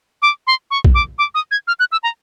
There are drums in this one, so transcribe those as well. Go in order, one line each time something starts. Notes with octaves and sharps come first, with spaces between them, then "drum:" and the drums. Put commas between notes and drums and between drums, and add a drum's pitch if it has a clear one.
D6
C6
C#6
drum: kick
D6
D6
D#6
G#6
F6
F#6
E6
A#5